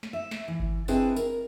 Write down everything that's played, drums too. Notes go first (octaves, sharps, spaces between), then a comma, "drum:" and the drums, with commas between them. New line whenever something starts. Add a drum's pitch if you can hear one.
drum: snare
E5
drum: snare
E3
drum: kick G1
C4 D4 E4 G#4 B4 D#5, drum: tambourine
A#4, drum: tambourine